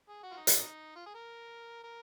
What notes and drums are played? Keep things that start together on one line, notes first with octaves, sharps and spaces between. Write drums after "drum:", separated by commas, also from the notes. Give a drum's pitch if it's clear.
G#4
F#4
F4
D#4
F4, drum: hi-hat
F#3 A#3 D#4
F4
G#4
A#4
A#4